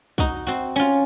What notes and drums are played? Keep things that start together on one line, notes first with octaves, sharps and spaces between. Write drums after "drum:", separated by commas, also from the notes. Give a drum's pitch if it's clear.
D#4 F#4, drum: kick
C4 F#4
C#4 F4